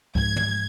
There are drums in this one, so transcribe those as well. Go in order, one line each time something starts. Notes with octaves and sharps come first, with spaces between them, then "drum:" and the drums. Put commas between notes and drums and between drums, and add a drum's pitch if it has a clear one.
G#2 F3 G#3 G#6, drum: kick C2
drum: tom